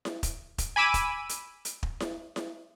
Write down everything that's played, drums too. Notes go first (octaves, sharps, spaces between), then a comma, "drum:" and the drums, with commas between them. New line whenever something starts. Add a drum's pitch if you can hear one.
drum: snare E4
drum: kick, hi-hat
drum: kick, hi-hat
G#5 B5 D6 E6 D#7
drum: kick, hi-hat
drum: hi-hat
drum: hi-hat
drum: kick
drum: snare E4
drum: snare E4